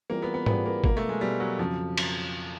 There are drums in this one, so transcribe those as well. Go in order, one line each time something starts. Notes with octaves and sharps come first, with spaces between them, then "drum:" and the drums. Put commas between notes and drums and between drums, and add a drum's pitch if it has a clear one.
E3 G3 A#3 C4 F4 G#4
B3
B3
E3 G3 B3 C4 F4 G#4, drum: tom G#2
A#3
B2 G#3 A#3 B3, drum: kick
A3
G#3
B2 G3 G#3 B3
F#3
F2 C#3 F3 F#3
drum: cymbal